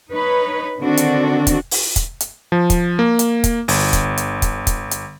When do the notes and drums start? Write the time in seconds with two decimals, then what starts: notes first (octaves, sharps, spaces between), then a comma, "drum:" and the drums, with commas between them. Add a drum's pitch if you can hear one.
0.11 D#4 B4 C#5
0.80 D3 D#3 C4 D4 F#4 A4
0.97 drum: hi-hat
1.47 drum: kick, hi-hat
1.71 drum: open hi-hat
1.96 drum: kick, hi-hat
2.21 drum: hi-hat
2.52 F3
2.70 drum: kick, hi-hat
2.99 A#3
3.19 drum: hi-hat
3.44 drum: kick, hi-hat
3.68 G1, drum: open hi-hat
3.93 drum: kick, hi-hat
4.17 drum: hi-hat
4.42 drum: kick, hi-hat
4.67 drum: kick, hi-hat
4.91 drum: hi-hat